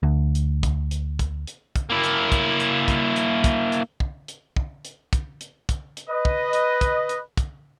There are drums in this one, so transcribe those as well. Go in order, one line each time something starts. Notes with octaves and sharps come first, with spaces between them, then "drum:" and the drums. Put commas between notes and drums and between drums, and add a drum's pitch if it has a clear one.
D2
drum: hi-hat
drum: kick, hi-hat
drum: hi-hat
drum: kick, hi-hat
drum: hi-hat
drum: kick, hi-hat
A#3 E4
drum: hi-hat
drum: kick, hi-hat
drum: hi-hat
drum: kick, hi-hat
drum: hi-hat
drum: kick, hi-hat
drum: hi-hat
drum: kick
drum: hi-hat
drum: kick
drum: hi-hat
drum: kick, hi-hat
drum: hi-hat
drum: kick, hi-hat
drum: hi-hat
B4 D#5
drum: kick
drum: hi-hat
drum: kick, hi-hat
drum: hi-hat
drum: kick, hi-hat